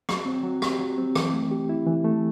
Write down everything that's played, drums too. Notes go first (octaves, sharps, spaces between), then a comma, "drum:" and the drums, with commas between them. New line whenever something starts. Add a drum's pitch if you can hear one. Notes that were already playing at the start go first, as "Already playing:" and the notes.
F#3, drum: rim click
C4
F#3
G4, drum: rim click
F#3
C4
E3, drum: rim click
A3
G4
E4
E3
A3